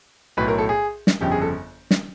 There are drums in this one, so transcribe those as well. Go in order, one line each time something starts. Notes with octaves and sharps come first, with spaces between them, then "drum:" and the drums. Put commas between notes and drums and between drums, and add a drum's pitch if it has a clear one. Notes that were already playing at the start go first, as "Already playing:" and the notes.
B1 A2 F#3 B4
A#4
A4
G#4
drum: snare
G1 F2 C#3 G4
G#4
A4
drum: snare